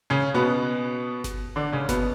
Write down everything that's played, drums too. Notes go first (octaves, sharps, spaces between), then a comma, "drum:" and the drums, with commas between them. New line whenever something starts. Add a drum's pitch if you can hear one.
C#3 C#4
B2 B3
drum: snare G1
D3 D4
C#3 C#4
B2 B3, drum: snare G1